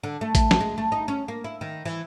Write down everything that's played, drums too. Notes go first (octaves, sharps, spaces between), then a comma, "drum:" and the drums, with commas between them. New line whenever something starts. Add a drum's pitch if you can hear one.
D3
A3
A3, drum: kick A1, hi-hat
drum: snare
G#3
A3
D#4
C#4
A#3
E4
D#3
E3